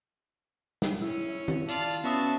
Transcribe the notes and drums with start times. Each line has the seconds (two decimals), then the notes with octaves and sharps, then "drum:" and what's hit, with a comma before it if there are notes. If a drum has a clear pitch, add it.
0.82 drum: snare
1.02 C#4 E4
1.48 drum: tom D#3
1.68 F4 D5 A5, drum: hi-hat
2.04 B3 C#4 F#4 E5 A5 D#6